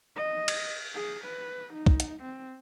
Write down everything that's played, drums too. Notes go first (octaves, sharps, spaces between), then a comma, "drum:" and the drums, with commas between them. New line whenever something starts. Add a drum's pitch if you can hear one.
D#5
drum: cymbal
G#4
B4
D#4
drum: kick
drum: hi-hat
C4